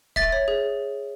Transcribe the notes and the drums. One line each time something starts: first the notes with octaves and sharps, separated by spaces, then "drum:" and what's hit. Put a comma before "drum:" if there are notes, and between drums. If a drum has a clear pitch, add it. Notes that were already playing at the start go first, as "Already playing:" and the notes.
E5 A6, drum: kick
C#5
G#4